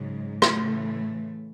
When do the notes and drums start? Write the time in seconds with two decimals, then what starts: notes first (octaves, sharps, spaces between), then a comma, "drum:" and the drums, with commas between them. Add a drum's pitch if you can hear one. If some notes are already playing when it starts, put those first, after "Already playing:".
Already playing: G#2 C#3 F#3 G#3
0.42 drum: rim click
0.51 A2 C#3 E3 A3